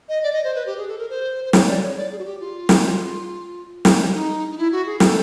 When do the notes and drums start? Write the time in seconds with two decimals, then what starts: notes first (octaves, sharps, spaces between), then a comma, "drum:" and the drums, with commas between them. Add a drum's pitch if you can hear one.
0.09 D#5
0.23 D5
0.33 D#5
0.44 C5
0.55 B4
0.66 G4
0.78 G#4
0.88 A4
0.98 A#4
1.10 C5
1.45 C5
1.53 C#5, drum: snare
1.67 D5
1.82 C#5
1.96 D5
2.12 G#4
2.19 F#4
2.25 G4
2.41 F4
2.69 drum: snare
3.85 drum: snare
4.14 D#4
4.51 D#4
4.58 E4
4.72 F#4
4.86 G#4
5.00 A4, drum: snare